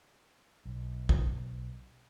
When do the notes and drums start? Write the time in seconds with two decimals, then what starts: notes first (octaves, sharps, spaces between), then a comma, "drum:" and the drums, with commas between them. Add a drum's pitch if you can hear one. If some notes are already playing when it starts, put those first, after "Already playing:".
0.65 B1
1.09 drum: kick